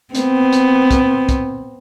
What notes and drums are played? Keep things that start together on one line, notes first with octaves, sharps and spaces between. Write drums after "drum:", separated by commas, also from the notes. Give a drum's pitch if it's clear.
B3 C4, drum: hi-hat
drum: hi-hat
drum: kick, hi-hat
drum: kick, hi-hat